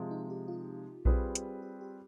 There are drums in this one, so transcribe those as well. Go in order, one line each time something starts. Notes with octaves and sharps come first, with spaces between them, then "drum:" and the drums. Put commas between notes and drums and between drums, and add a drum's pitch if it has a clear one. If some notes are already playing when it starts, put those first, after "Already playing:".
Already playing: C3 F3 G#3
D#4
G4
F4
G3 C4 F4 G#4 B4, drum: kick A#1
drum: hi-hat
G4
G4